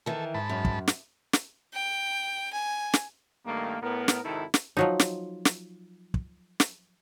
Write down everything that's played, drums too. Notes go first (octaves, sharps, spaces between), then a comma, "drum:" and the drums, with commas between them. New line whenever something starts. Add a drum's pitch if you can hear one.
D#3 E3 A4
G#2 A5 B5
F#2
drum: kick
drum: snare
drum: snare
G5
G#5
drum: snare
G2 D#3 A3 A#3
A2 B3 A#4
drum: snare
G#1 C3 D#3 D#4 E4 A4
drum: snare
F3 F#3 D#4
drum: snare
drum: snare
drum: kick
drum: snare